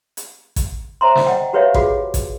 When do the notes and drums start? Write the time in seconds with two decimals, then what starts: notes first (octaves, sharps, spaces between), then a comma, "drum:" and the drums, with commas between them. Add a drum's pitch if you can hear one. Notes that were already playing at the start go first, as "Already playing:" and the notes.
0.17 drum: hi-hat
0.56 drum: kick A1, hi-hat
1.01 C5 E5 A#5 C6
1.15 drum: snare
1.26 D#5 F#5 G5
1.53 F#4 G4 B4 C#5 E5 F5
1.74 F4 F#4 G#4, drum: kick A1
2.14 drum: kick A1, hi-hat